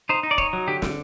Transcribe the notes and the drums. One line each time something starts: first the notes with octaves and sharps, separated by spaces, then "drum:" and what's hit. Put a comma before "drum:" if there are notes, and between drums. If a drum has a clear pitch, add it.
D#4 C5
D#4
D5
D#4 C#5, drum: kick
F#3
D3 G4
D3, drum: snare